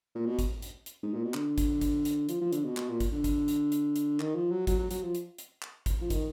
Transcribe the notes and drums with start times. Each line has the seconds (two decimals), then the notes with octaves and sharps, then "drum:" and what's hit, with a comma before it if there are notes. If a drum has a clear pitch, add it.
0.15 A#2
0.26 B2
0.39 drum: kick, hi-hat
0.62 drum: hi-hat
0.86 drum: hi-hat
1.03 G#2
1.14 A#2
1.24 B2
1.34 D3, drum: clap
1.58 drum: kick, hi-hat
1.81 drum: kick, hi-hat
2.05 drum: hi-hat
2.29 F3, drum: hi-hat
2.41 F3
2.53 D3, drum: hi-hat
2.64 B2
2.77 B2, drum: clap
2.89 A#2
3.00 drum: kick, hi-hat
3.12 D3
3.24 drum: kick, hi-hat
3.48 drum: hi-hat
3.72 drum: hi-hat
3.96 drum: hi-hat
4.20 D#3, drum: clap
4.35 F3
4.51 F#3
4.67 F#3, drum: kick, hi-hat
4.79 F#3
4.91 F#3, drum: hi-hat
5.03 F3
5.15 drum: hi-hat
5.38 drum: hi-hat
5.62 drum: clap
5.86 drum: kick, hi-hat
6.01 F3
6.10 D#3, drum: kick, hi-hat